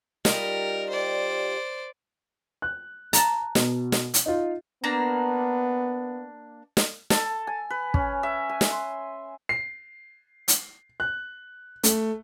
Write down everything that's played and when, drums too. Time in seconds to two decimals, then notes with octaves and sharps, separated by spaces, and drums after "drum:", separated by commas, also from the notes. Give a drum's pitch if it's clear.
0.25 G3 D#4 F4 A#4, drum: snare
0.90 C5 D5
2.62 F#6
3.13 A5 A#5, drum: hi-hat
3.55 B2, drum: snare
3.92 drum: snare
4.14 drum: hi-hat
4.26 D#4 F4
4.84 A#3 B3 D4 A#5
6.77 drum: snare
7.10 A4, drum: snare
7.47 G#5
7.70 B4
7.94 C#4, drum: kick
8.23 E5
8.49 G#5
8.61 drum: snare
8.71 C6
9.49 C7
10.48 drum: hi-hat
11.00 F#6
11.84 A3, drum: hi-hat